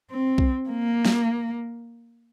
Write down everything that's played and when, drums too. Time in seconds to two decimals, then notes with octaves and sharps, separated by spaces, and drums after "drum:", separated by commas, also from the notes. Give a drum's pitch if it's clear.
0.11 C4
0.38 drum: kick B1
0.69 A#3
1.05 drum: snare